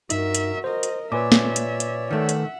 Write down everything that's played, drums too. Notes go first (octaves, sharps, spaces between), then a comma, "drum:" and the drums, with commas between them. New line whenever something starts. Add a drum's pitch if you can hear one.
G2 D#4 F#4 A#4 E5, drum: hi-hat
drum: hi-hat
A#4 C5 D#5
drum: hi-hat
A#2 B4 C#5 D5 E5 G#5 D6
drum: snare
drum: hi-hat
drum: hi-hat
D#3 A3 E5 F#5
drum: hi-hat